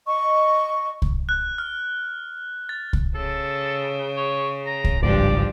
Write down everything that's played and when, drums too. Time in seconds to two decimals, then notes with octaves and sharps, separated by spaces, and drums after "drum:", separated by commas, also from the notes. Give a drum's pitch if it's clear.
0.07 D#5 C#6
1.02 drum: kick C2
1.29 F#6
1.58 F6
2.69 A6
2.93 drum: kick C2
3.14 C#3 A4
4.17 C#5
4.66 A#5
4.84 drum: kick C2
5.02 G#1 C#2 G2 F3 D5